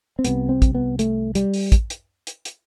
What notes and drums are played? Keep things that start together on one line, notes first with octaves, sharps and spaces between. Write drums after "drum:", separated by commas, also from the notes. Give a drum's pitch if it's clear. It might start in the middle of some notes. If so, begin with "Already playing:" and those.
C4
C2 C3 B3, drum: hi-hat
C4
drum: kick, hi-hat
B3
A3, drum: hi-hat
G3, drum: hi-hat
drum: open hi-hat
drum: kick, hi-hat
drum: hi-hat
drum: hi-hat
drum: hi-hat